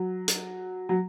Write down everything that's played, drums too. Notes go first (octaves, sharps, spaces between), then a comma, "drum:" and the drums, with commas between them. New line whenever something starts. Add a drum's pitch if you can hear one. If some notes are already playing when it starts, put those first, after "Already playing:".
Already playing: F#3
drum: hi-hat
F#3